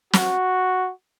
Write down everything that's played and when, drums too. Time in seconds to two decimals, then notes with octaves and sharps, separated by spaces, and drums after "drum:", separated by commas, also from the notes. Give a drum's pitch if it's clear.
0.13 F#4, drum: snare